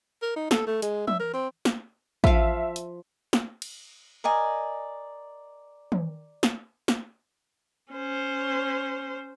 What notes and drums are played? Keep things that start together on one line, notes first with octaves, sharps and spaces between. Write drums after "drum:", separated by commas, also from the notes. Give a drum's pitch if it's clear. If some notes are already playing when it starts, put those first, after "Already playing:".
A#4
D#4
A4, drum: snare
A3
G#3, drum: hi-hat
E5, drum: tom
A#4
C4
drum: snare
F3 E5 F5, drum: kick
drum: hi-hat
drum: snare
drum: cymbal
A#4 D5 D#5 G#5
drum: tom
drum: snare
drum: snare
C#4 C5